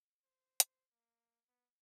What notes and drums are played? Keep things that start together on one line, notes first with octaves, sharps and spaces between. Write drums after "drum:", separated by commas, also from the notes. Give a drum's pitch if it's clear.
C5
drum: hi-hat
A#3
B3